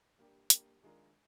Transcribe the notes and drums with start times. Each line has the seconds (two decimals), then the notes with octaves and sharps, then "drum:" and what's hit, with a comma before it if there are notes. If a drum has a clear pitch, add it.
0.18 G3 A#3 D4 G4
0.50 G3 A#3 D4 G4, drum: hi-hat
0.83 D#3 G#3 D4 F4 A#4